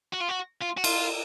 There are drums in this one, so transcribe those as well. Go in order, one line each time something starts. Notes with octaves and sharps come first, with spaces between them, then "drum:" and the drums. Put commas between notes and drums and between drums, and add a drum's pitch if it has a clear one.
F#4
F4
F#4
F4
F#4
F4, drum: cymbal